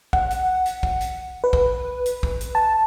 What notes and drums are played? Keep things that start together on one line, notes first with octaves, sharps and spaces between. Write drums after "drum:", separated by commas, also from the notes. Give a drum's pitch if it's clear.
F#5, drum: kick
drum: hi-hat
drum: hi-hat
drum: kick
drum: hi-hat
B4
drum: kick
drum: hi-hat
drum: kick
drum: hi-hat
A5